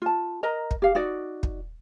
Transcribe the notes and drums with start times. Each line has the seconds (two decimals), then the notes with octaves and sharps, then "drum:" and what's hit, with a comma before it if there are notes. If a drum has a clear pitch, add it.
0.02 F4 A5
0.43 A#4 D#5 A#5
0.71 drum: kick
0.82 G4 F5
0.95 D#4 F#4 D5
1.43 drum: kick